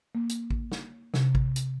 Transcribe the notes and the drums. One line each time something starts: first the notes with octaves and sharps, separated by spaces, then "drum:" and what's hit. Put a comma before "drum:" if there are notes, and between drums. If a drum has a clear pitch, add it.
A#3
drum: hi-hat
drum: kick A1
drum: snare
C3, drum: snare
drum: kick A1
drum: hi-hat